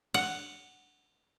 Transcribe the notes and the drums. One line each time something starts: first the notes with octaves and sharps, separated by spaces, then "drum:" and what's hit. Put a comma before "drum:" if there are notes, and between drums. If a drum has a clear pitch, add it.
F#5, drum: cymbal